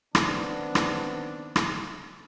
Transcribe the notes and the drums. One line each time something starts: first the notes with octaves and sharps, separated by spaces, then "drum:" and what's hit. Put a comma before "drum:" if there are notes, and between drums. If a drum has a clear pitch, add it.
D#3 B3 C4 D4, drum: rim click
drum: rim click
drum: rim click